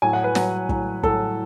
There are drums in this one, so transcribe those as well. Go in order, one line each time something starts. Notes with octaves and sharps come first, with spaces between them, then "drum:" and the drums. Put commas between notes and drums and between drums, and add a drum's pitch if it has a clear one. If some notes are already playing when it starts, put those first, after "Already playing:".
A2 F#3 G#5
F#5
B4
A2 F#3, drum: snare
A2 F#3, drum: kick
A2 F#3 A4, drum: kick